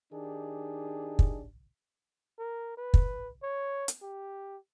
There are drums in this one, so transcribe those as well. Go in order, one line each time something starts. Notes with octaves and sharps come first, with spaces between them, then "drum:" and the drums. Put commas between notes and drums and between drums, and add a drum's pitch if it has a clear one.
D#3 D4 D#4 G4 G#4
drum: kick
A#4
B4
drum: kick
C#5
drum: hi-hat
G4